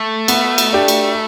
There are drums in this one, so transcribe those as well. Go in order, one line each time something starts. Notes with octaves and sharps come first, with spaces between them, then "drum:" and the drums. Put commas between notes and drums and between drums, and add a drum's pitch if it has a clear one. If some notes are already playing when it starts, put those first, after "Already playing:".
Already playing: A3
B3, drum: cymbal
drum: cymbal
D4 G4
drum: cymbal